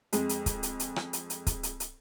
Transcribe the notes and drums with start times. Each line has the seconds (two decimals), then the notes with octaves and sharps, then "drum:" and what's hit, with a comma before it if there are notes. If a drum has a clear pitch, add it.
0.13 F2 G#3, drum: hi-hat
0.29 drum: hi-hat
0.46 drum: kick, hi-hat
0.63 drum: hi-hat
0.80 drum: hi-hat
0.96 drum: rim click
1.13 drum: hi-hat
1.30 drum: hi-hat
1.47 drum: kick, hi-hat
1.63 drum: hi-hat
1.80 drum: hi-hat